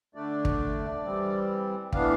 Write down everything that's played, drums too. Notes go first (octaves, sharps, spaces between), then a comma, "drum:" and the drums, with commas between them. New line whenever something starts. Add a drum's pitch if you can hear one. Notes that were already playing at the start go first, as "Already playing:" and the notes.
D3 A3 D4 D5
drum: kick
E3 G3 C4
A2 E3 B3 D4 F5, drum: kick